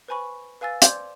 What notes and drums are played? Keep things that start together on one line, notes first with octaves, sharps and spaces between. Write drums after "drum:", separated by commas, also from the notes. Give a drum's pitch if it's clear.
B4 C5 G#5 B5 C#6
B4 F5 G#5 E6 A6
C5 D5 C6 D6 G6 G#6, drum: hi-hat